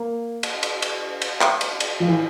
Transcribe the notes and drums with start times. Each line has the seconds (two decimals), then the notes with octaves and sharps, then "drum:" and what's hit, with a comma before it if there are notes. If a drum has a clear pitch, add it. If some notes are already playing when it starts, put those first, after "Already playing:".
Already playing: A#3
0.43 drum: cymbal
0.63 drum: cymbal
0.82 drum: cymbal
1.22 drum: cymbal
1.41 drum: clap
1.61 drum: cymbal
1.80 drum: cymbal
2.00 F3
2.08 E3